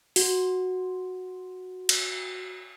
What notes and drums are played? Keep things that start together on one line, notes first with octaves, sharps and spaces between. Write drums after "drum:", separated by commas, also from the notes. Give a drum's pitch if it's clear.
F#4, drum: open hi-hat
drum: cymbal